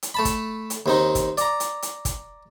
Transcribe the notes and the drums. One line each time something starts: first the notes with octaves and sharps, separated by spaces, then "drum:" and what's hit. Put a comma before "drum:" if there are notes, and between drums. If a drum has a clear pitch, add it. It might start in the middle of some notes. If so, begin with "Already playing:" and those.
drum: hi-hat
A3 A5 B5
drum: kick, hi-hat
drum: hi-hat
D#2 C4 D#4
drum: kick, hi-hat
D5 A#5, drum: hi-hat
drum: hi-hat
drum: hi-hat
drum: kick, hi-hat